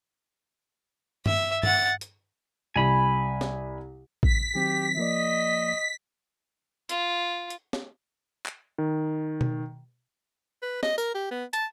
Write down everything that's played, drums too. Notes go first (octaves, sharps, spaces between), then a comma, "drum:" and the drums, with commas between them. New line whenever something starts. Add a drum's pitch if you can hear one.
E5, drum: tom
F#5 A6, drum: tom
drum: hi-hat
C2 G#5 B5
drum: snare
B6, drum: kick
D#3 F#3 C4 G4
F3 A#3 D5 D#5
F4, drum: hi-hat
drum: hi-hat
drum: snare
drum: clap
D#3
drum: tom B2
B4
D#5, drum: snare
A#4, drum: tambourine
G4
B3
A5, drum: hi-hat